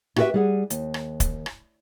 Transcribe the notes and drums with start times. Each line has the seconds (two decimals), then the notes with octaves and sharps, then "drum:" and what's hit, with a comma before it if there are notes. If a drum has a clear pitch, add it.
0.16 E4 F#4 G4 A4 B4 E5, drum: rim click
0.34 G3 G#4 F#5
0.70 D#2, drum: hi-hat
0.94 drum: rim click
1.20 drum: kick, hi-hat
1.46 drum: rim click